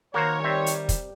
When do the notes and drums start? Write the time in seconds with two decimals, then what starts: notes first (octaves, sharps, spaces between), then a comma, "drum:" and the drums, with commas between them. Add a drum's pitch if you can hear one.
0.14 D#3 A#3 F#4 A#4 C5 C#5
0.44 G3 C4 E5
0.66 drum: hi-hat
0.89 drum: kick, hi-hat